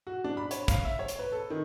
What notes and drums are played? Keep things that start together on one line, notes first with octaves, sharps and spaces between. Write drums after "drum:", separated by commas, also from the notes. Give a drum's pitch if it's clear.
F#4
D4
B5
C#5, drum: hi-hat
F5, drum: kick, hi-hat
E5
C#5
drum: hi-hat
B4
A4
D#3